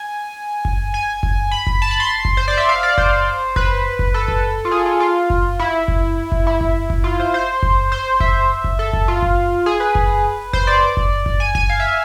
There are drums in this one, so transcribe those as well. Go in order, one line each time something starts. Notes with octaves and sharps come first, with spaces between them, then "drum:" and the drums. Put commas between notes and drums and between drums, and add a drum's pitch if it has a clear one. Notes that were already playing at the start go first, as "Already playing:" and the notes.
Already playing: G#5
drum: kick F#1
G#5
drum: kick F#1
B5
drum: kick F#1
A5
B5
C6
drum: kick F#1
C5
D5
E5
F5
D5
C5, drum: kick F#1
B4, drum: kick F#1
drum: kick F#1
A4
drum: kick F#1
F4
G#4
F4
F4
drum: kick F#1
E4
drum: kick F#1
drum: kick F#1
E4
drum: kick F#1
drum: kick F#1
F4
C5
C5
drum: kick F#1
C5
E5, drum: kick F#1
drum: kick F#1
A4
drum: kick F#1
F4
drum: kick F#1
G#4
B4
drum: kick F#1
C5, drum: kick F#1
D5
drum: kick F#1
drum: kick F#1
G#5
G#5, drum: kick F#1
F5
E5